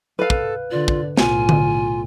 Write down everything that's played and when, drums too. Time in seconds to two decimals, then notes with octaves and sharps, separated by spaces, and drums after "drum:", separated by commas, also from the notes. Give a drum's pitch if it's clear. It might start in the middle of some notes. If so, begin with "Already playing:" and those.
0.19 A4 B4 F5
0.30 drum: kick
0.71 D3 F4 D5
0.88 drum: kick
1.17 B1 A2 F4 G#5, drum: snare
1.49 drum: tom D3